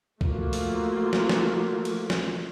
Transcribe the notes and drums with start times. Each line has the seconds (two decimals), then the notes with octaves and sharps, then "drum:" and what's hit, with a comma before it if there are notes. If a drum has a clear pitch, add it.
0.21 F3 A3 A#3 F4 F#4, drum: kick
0.53 drum: open hi-hat
1.13 drum: snare
1.29 drum: snare
1.85 drum: cymbal
2.10 drum: snare